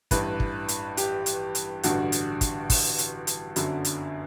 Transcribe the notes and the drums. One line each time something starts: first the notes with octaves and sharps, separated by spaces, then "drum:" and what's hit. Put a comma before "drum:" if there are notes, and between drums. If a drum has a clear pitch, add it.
A1 G2 E3 B4, drum: kick, hi-hat
drum: kick
drum: hi-hat
G4, drum: hi-hat
drum: hi-hat
drum: hi-hat
A1 G2 D3 F#4, drum: hi-hat
drum: hi-hat
drum: kick, hi-hat
drum: kick, open hi-hat
drum: hi-hat
drum: hi-hat
G1 F#2 D3 F#3, drum: hi-hat
drum: hi-hat